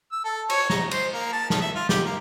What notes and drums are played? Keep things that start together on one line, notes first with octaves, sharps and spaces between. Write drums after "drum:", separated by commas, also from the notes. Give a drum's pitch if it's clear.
E6
A4
C#5, drum: cymbal
A#5, drum: snare
C5, drum: cymbal
A#3
A5
D#3, drum: snare
E5
F4
G4, drum: snare
A#3